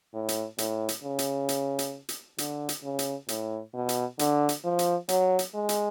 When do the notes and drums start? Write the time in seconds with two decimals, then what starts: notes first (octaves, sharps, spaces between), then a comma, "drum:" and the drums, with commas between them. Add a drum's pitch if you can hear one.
0.13 A2
0.29 drum: hi-hat
0.58 A2, drum: hi-hat
0.89 drum: hi-hat
1.03 C#3
1.19 drum: hi-hat
1.49 drum: hi-hat
1.79 drum: hi-hat
2.09 drum: hi-hat
2.38 D3, drum: hi-hat
2.69 drum: hi-hat
2.84 C#3
2.99 drum: hi-hat
3.28 A2, drum: hi-hat
3.74 B2
3.89 drum: hi-hat
4.19 D3, drum: hi-hat
4.49 drum: hi-hat
4.64 F3
4.79 drum: hi-hat
5.09 F#3, drum: hi-hat
5.39 drum: hi-hat
5.54 G#3
5.69 drum: hi-hat